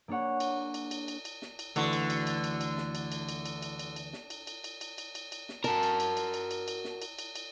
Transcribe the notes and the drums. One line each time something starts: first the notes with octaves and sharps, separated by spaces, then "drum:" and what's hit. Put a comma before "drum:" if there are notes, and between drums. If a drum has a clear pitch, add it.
A#3 D4 G#4 C#5 F#5
drum: cymbal
drum: cymbal
drum: cymbal
drum: cymbal
drum: cymbal
drum: snare
drum: cymbal
D2 D3 E3 F#4, drum: cymbal
drum: cymbal
drum: cymbal
drum: cymbal
drum: cymbal
drum: cymbal
drum: snare
drum: cymbal
drum: cymbal
drum: cymbal
drum: cymbal
drum: cymbal
drum: cymbal
drum: cymbal
drum: snare
drum: cymbal
drum: cymbal
drum: cymbal
drum: cymbal
drum: cymbal
drum: cymbal
drum: cymbal
drum: snare
F#4 A#4 A5, drum: cymbal
drum: cymbal
drum: cymbal
drum: cymbal
drum: cymbal
drum: cymbal
drum: cymbal
drum: snare
drum: cymbal
drum: cymbal
drum: cymbal